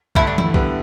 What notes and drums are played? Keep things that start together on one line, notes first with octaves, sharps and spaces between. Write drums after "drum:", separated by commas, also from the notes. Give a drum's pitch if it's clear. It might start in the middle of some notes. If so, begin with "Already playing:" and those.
G2 D3 A3 E4, drum: kick B1
D4
E4, drum: tom E3
D3 G3 B3, drum: kick B1